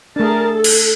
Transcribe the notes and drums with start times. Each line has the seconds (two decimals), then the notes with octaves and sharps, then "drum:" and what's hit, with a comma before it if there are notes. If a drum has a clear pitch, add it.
0.16 A3 D4 G#4 A#4 A5
0.54 A4
0.64 drum: cymbal